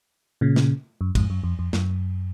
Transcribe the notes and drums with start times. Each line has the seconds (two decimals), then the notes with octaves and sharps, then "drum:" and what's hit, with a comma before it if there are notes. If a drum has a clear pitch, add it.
0.41 A#2 C#3
0.56 drum: snare
1.01 F#2
1.15 F2 G#2, drum: kick, cymbal
1.30 F#2
1.44 F2
1.59 F2
1.73 F#2, drum: snare